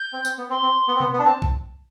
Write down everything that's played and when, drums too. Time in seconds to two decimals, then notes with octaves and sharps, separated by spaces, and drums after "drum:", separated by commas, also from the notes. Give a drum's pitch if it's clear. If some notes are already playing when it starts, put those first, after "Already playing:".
Already playing: G6
0.13 C4
0.25 C4, drum: tambourine
0.38 B3
0.50 C4 C6
0.62 C4
0.88 B3
0.96 C4
1.00 B3, drum: tom B2
1.13 B3
1.19 D4
1.25 C4 A5
1.42 drum: kick B1